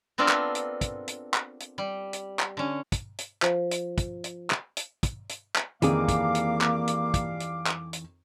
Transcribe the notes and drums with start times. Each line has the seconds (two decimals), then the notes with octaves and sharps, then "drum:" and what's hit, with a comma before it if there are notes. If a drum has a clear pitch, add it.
0.18 B3 C4 D4 F4 A4 A#4
0.29 drum: clap
0.55 drum: hi-hat
0.81 drum: kick, hi-hat
1.08 drum: hi-hat
1.34 drum: clap
1.60 drum: hi-hat
1.78 G3
2.13 drum: hi-hat
2.39 drum: clap
2.57 D3 C#4
2.92 drum: kick, hi-hat
3.19 drum: hi-hat
3.42 F3, drum: clap
3.71 drum: hi-hat
3.98 drum: kick, hi-hat
4.24 drum: hi-hat
4.50 drum: clap
4.77 drum: hi-hat
5.03 drum: kick, hi-hat
5.29 drum: hi-hat
5.56 drum: clap
5.82 F2 D#3 E3 G3 A#3 G#4 F5 D6, drum: hi-hat
6.08 drum: kick, hi-hat
6.35 drum: hi-hat
6.61 drum: clap
6.88 drum: hi-hat
7.14 drum: kick, hi-hat
7.40 drum: hi-hat
7.67 drum: clap
7.93 drum: hi-hat